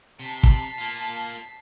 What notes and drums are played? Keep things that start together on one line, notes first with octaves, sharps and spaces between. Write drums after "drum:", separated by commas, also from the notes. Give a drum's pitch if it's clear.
C3 A5 B6 C7
drum: kick
A#3 F4